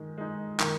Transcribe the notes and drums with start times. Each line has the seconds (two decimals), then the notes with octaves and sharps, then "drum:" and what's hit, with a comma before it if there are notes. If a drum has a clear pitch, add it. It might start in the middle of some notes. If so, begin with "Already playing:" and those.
Already playing: D#3 G#3
0.18 G#3 D#4
0.60 D#3, drum: clap